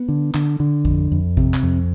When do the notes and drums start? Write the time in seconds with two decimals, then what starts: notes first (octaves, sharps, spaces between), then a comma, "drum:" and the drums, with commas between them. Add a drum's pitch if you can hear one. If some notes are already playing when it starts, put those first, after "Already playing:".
Already playing: B3
0.09 D3
0.34 D3, drum: clap
0.60 D3
0.85 F2, drum: kick A1
1.12 F2
1.37 C3, drum: kick A1
1.54 drum: clap
1.63 F2